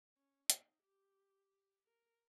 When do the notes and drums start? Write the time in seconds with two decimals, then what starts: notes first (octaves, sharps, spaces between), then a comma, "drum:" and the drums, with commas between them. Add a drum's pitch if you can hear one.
0.16 C#4
0.50 D#4, drum: hi-hat
0.84 G4
1.86 A#4